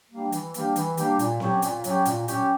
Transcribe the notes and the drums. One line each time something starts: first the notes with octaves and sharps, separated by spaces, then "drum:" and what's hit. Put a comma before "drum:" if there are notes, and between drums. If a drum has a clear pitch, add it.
G3 A#3 D4 G4
E3, drum: hi-hat
G3 A#3 D4 G4, drum: hi-hat
E3, drum: hi-hat
G3 A#3 D4 G4, drum: hi-hat
A#2, drum: hi-hat
F#3 C#4 G4, drum: snare C4
A#2, drum: hi-hat
F#3 C#4 G4, drum: hi-hat
A#2, drum: hi-hat
F#3 C#4 G4, drum: hi-hat